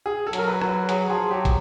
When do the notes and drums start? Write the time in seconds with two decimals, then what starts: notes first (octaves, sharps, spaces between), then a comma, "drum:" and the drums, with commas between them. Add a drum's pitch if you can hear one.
0.06 G#4
0.26 A4
0.33 F#3 A#4, drum: hi-hat
0.48 B4
0.62 F#3, drum: rim click
0.69 B4
0.89 F#3 G#4, drum: hi-hat
1.10 F3 G#4
1.31 F#3 G4
1.45 drum: kick, hi-hat